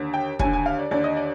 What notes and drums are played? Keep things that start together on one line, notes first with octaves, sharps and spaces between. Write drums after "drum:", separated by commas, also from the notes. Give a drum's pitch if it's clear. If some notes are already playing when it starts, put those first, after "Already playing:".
Already playing: D#2 D3
G5
D#2 D3 G#5, drum: kick
G#5
F5
D5
D#2 D3 D5
D#5
D5